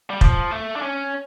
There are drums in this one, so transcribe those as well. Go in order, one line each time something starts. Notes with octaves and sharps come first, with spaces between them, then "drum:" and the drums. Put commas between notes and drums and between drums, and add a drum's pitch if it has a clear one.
G3
F3, drum: kick
A3
D4
C#4